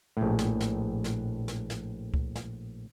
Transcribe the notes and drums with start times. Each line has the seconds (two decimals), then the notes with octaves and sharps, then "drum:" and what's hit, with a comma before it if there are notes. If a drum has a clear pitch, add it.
0.17 A#1 A2
0.39 drum: snare
0.60 drum: snare
1.04 drum: snare
1.48 drum: snare
1.70 drum: snare
2.14 drum: kick C#2
2.35 drum: snare